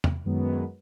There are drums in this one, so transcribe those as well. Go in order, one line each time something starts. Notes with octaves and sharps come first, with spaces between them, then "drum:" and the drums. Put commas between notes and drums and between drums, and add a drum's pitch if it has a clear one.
drum: tom E2
F#2 D#3 F#3 G#3 B3